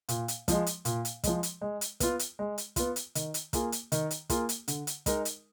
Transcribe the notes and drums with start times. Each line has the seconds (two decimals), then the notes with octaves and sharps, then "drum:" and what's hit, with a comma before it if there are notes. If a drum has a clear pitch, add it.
0.09 A#2, drum: hi-hat
0.28 drum: hi-hat
0.48 F3 G#3, drum: kick, hi-hat
0.66 drum: hi-hat
0.85 A#2, drum: hi-hat
1.05 drum: hi-hat
1.24 F3 G#3, drum: kick, hi-hat
1.43 drum: hi-hat
1.61 G#3
1.81 drum: hi-hat
2.00 B3 F4, drum: kick, hi-hat
2.19 drum: hi-hat
2.39 G#3
2.58 drum: hi-hat
2.76 B3 F4, drum: kick, hi-hat
2.96 drum: hi-hat
3.15 D#3, drum: hi-hat
3.34 drum: hi-hat
3.53 A#3 F4 G#4, drum: kick, hi-hat
3.72 drum: hi-hat
3.92 D#3, drum: hi-hat
4.11 drum: hi-hat
4.30 A#3 F4 G#4, drum: kick, hi-hat
4.49 drum: hi-hat
4.68 D3, drum: hi-hat
4.87 drum: hi-hat
5.06 G#3 D#4 A#4, drum: kick, hi-hat
5.25 drum: hi-hat